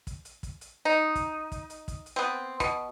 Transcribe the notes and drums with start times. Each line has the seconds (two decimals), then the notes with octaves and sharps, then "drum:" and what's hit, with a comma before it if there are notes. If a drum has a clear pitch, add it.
0.07 drum: kick, hi-hat
0.25 drum: hi-hat
0.43 drum: kick, hi-hat
0.61 drum: hi-hat
0.85 D#4
1.15 drum: kick, hi-hat
1.52 drum: kick, hi-hat
1.70 drum: hi-hat
1.88 drum: kick, hi-hat
2.06 drum: hi-hat
2.16 B3 C4
2.60 B2, drum: kick, hi-hat